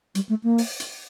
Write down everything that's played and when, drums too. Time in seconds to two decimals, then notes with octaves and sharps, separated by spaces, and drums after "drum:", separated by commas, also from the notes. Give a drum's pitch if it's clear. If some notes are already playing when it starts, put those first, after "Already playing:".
0.15 G3, drum: hi-hat
0.29 A3
0.44 A#3
0.58 drum: open hi-hat
0.80 drum: hi-hat